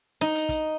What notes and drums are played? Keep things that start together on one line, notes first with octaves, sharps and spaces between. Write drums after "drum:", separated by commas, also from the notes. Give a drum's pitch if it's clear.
D#4
drum: hi-hat
drum: kick, hi-hat